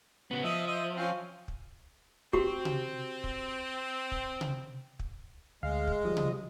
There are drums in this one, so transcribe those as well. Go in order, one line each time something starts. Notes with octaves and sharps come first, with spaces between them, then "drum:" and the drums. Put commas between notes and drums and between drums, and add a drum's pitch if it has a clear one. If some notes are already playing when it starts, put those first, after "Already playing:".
C#3 B3 F#4
F3 D#5 E5
C5 D#5 E5
C4 C#4 F5
drum: kick
C4 F#4 G4, drum: kick
drum: tom C3
drum: kick
drum: kick
drum: tom C3
drum: kick
D2 G#3 F5
drum: kick
F3 G3 D#5
drum: tom C3